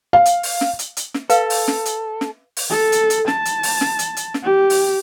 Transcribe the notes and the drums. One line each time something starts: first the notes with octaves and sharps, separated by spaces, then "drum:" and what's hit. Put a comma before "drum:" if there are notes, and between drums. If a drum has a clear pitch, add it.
F5
drum: hi-hat
drum: open hi-hat
drum: snare
drum: hi-hat
drum: hi-hat
drum: snare
A4 B4 F5, drum: hi-hat
drum: open hi-hat
drum: snare
drum: hi-hat
drum: snare
drum: open hi-hat
A4
drum: hi-hat
drum: hi-hat
A5, drum: snare
drum: hi-hat
drum: open hi-hat
drum: snare
drum: hi-hat
drum: hi-hat
drum: snare
G4
drum: open hi-hat